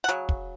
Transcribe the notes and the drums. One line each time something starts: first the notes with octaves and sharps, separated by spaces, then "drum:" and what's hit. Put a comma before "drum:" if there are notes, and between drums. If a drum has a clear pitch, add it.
F#5
C#3 F#3, drum: hi-hat
drum: kick